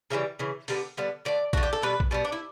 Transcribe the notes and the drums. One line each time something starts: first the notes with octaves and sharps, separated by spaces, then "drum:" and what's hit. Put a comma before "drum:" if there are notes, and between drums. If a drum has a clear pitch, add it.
C#3 E3 G3 E5
C#3 E3
D3 G3 B3, drum: open hi-hat
D3 G3 B3
D3 A3 D5
D3 A3 F#4, drum: kick A#1
G4
A4
B2 G3 B3 B4
drum: kick A#1
B2 G3 B3
D4
E4